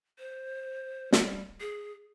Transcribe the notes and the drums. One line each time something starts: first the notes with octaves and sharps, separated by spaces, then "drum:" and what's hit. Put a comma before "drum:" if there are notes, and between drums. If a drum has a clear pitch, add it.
C5
G3, drum: snare
G#4